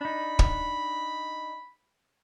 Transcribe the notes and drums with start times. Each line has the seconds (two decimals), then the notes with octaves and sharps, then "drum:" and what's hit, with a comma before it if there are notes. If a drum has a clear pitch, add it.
0.01 D4 D#4 B5
0.39 drum: kick